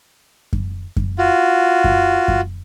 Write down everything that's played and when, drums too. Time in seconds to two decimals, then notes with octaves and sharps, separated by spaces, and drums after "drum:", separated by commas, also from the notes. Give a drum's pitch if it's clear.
0.53 drum: kick F#2
0.97 drum: kick F#2
1.18 F4 F#4
1.84 drum: kick F#2
2.28 drum: kick F#2